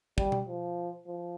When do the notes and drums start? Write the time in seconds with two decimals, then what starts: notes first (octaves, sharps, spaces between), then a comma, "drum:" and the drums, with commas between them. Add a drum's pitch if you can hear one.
0.18 G3, drum: kick
0.32 drum: tom B2
0.48 F3
1.07 F3